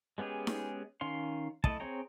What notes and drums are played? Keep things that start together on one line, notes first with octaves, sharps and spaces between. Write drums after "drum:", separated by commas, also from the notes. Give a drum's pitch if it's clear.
G#3 B3 C#4 G4 G#4
drum: snare D#4
D#3 C#4 F5 C6
A3 E4 D#5 A5, drum: kick
C4 G#4 C#5 G5 A#5